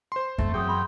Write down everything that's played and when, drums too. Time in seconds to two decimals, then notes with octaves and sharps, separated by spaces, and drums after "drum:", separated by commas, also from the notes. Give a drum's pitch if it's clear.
0.12 C5 C6
0.38 E2 A3 C4 E5, drum: kick F#2
0.54 F#2 G#4 A4 G5 D#6
0.68 B5 C6